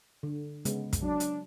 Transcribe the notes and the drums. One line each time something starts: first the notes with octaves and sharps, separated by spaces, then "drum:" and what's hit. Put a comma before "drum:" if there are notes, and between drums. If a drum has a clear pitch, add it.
D3
C#3 G#3 B3, drum: hi-hat
drum: kick, hi-hat
F#3 D4
drum: hi-hat